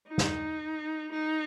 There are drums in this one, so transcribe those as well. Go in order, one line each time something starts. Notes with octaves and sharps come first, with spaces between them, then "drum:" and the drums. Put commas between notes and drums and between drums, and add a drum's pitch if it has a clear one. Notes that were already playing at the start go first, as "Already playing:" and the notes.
D#4
drum: snare
D#4